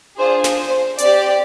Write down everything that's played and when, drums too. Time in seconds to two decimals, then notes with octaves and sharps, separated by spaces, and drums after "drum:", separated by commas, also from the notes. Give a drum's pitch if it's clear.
0.17 D4 F4 G#4 C5
0.44 drum: snare
0.58 C5
0.98 C4 G4 D5, drum: hi-hat